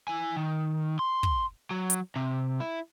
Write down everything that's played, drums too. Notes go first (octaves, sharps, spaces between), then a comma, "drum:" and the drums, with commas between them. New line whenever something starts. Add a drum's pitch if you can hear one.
E4 G#5
D#3
C6
drum: kick
F#3
drum: hi-hat
C3
E4